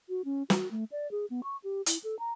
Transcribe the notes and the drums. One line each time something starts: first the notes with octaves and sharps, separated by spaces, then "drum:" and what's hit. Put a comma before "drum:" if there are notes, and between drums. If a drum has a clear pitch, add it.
F#4
C#4
F#4, drum: snare
A3
D5
G#4
B3
C#6
G4
E4, drum: hi-hat
A4
A#5